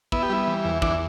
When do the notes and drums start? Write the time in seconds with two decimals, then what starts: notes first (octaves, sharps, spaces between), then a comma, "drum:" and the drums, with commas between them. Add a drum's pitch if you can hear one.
0.12 B3 E4, drum: kick
0.22 G4
0.29 G3 E4
0.47 E3
0.65 E2
0.82 E3 D4, drum: kick